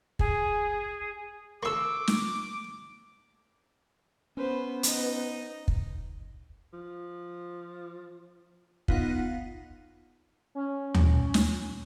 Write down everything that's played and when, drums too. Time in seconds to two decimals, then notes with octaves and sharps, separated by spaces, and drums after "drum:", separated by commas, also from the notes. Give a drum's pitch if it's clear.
0.19 G#4, drum: kick
1.63 A#3 F4 A4 C#6 D6 E6
2.07 drum: snare
4.37 B3 C#4 B4 C5
4.83 D#4 D#5, drum: hi-hat
5.68 drum: kick
6.73 F3
8.88 B3 D#4 F4 F#5, drum: kick
10.55 C#4
10.95 drum: tom D#2
11.34 drum: snare